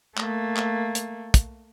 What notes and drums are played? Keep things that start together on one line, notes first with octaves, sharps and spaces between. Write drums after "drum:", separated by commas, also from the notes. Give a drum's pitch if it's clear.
A3 A#3, drum: clap
drum: clap
drum: hi-hat
drum: kick, hi-hat